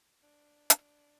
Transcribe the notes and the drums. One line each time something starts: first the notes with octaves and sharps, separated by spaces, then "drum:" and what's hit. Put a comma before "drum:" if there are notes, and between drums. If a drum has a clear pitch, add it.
D4
drum: hi-hat